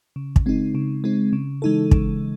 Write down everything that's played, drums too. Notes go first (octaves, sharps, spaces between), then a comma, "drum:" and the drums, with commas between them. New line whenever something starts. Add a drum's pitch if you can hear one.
C#3
drum: kick
G#3 C4 D#4
C#3
G#3 C4 D#4
C#3
E3 G#3 D#4 A4
C#3, drum: kick